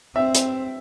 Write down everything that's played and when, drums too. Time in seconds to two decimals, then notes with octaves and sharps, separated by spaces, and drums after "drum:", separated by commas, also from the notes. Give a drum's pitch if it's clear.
0.15 C4 E5
0.35 drum: hi-hat